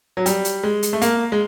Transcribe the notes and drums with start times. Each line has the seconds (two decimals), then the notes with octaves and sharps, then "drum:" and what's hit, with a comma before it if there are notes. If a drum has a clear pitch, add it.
0.17 F#3
0.26 G3, drum: hi-hat
0.45 drum: hi-hat
0.63 G#3
0.83 drum: hi-hat
0.93 A3
1.02 A#3, drum: hi-hat
1.32 G#3